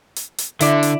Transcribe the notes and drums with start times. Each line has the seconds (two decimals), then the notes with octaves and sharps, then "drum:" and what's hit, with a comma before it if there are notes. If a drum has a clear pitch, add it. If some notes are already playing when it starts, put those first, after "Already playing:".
0.16 drum: hi-hat
0.38 drum: hi-hat
0.61 D3 E4 D5, drum: hi-hat
0.83 drum: hi-hat